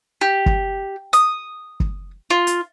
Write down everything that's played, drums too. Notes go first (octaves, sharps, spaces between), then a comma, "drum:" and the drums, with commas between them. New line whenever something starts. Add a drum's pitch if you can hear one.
G4
drum: kick
D#6, drum: hi-hat
drum: kick
F4
drum: hi-hat